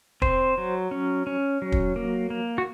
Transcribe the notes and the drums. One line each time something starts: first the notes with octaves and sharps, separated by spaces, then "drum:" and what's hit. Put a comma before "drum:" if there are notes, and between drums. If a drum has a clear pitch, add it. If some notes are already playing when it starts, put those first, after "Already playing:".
C4 C5, drum: kick
F#3
C#4
C#4
F#3
drum: kick
A#3
A#3
F#4